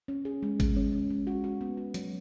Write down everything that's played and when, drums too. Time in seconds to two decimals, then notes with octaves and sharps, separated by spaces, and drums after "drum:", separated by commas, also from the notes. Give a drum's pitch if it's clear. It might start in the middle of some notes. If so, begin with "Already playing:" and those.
0.08 C#4
0.25 G#4
0.43 G#3
0.60 G#3, drum: kick, hi-hat
0.76 C#4
0.92 C#4
1.10 G#3
1.27 F#4
1.44 F#4
1.61 B3
1.77 F#4
1.94 F#3, drum: hi-hat